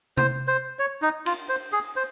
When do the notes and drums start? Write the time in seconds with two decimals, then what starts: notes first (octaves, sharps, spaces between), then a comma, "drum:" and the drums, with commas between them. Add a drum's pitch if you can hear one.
0.17 C5, drum: tom C3
0.48 C5
0.79 C#5
1.02 D#4
1.26 F4, drum: cymbal
1.49 C5
1.72 G#4
1.96 C5